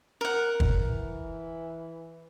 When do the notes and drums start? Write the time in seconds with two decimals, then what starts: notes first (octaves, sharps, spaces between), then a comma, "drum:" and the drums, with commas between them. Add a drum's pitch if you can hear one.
0.21 A#4 F#5
0.60 drum: kick
0.78 E3